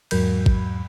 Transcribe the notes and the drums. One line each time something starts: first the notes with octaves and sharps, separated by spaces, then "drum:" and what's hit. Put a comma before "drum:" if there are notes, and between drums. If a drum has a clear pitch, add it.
E2 G#2 F#3 A#4 B5 G6, drum: cymbal
drum: kick